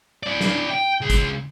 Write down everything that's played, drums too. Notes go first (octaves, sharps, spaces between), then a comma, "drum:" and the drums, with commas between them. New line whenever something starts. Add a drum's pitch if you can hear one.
E4 D5
drum: snare
G5
C#2 G#4
drum: kick, hi-hat